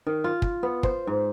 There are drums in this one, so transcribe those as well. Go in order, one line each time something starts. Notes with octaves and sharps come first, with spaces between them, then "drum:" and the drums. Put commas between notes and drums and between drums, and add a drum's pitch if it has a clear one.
D#3
F4
drum: kick
B3
C5, drum: kick
G#2